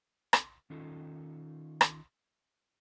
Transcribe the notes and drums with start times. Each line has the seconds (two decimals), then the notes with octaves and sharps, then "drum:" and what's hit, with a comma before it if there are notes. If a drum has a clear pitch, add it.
0.33 drum: rim click
0.70 D#3 C#4 D#4 F4 A4
1.81 drum: rim click